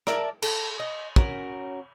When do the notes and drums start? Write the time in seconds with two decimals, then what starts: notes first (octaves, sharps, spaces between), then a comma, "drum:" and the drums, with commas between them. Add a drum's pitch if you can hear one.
0.07 A#4 D5 E5 A5, drum: rim click
0.42 A4, drum: cymbal
0.80 D#5
1.16 C#4 F#4 A#4, drum: kick